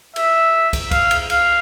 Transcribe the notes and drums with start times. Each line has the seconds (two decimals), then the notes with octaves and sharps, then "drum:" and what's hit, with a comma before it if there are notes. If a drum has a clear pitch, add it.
0.16 E5, drum: cymbal
0.73 drum: kick, cymbal
0.91 F5, drum: kick, cymbal
1.11 drum: cymbal
1.30 F5, drum: cymbal